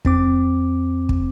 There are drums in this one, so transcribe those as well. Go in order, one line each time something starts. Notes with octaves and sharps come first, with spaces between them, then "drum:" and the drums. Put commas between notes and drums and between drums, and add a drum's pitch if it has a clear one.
F2 C4 D6, drum: kick
drum: kick